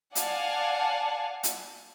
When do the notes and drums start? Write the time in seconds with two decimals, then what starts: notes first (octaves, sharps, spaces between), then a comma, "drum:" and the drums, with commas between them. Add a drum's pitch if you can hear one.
0.15 D5 F5 F#5 G#5 A5, drum: hi-hat
1.43 drum: hi-hat